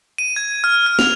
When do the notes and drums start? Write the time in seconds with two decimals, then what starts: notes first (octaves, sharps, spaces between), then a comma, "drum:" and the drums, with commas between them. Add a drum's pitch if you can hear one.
0.18 D#7
0.36 G#6
0.64 F6
0.86 F6
0.99 F7, drum: snare